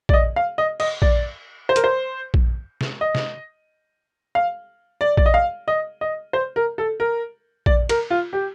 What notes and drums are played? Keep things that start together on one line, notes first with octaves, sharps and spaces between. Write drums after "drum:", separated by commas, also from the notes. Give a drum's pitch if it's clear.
D5, drum: kick A#1
D#5
F5
D#5
D#5, drum: cymbal
D5, drum: kick A#1
C5
A#4, drum: hi-hat
C5
drum: kick A#1
drum: snare
D#5
drum: snare
F5
D5
D5, drum: kick A#1
D#5
F5
D#5
D#5
C5
A#4
A4
A#4
D5, drum: kick A#1
A#4, drum: cymbal
F4
G4